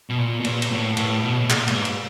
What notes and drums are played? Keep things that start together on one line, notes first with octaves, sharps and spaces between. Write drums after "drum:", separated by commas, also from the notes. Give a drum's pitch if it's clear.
B2
A#2
B2
A#2, drum: cymbal
drum: cymbal
A2
A2, drum: cymbal
B2
B2
A#2, drum: clap
G#2, drum: cymbal
drum: cymbal